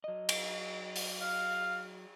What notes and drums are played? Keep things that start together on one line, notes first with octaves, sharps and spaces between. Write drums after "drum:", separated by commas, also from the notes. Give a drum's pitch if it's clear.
F#3 D#5
drum: cymbal
drum: open hi-hat
F5